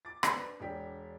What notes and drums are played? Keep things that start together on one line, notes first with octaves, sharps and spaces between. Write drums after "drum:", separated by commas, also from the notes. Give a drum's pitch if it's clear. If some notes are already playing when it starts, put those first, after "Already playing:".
D6 A6
D4 B4 C5, drum: rim click
E1 D4 G4 B6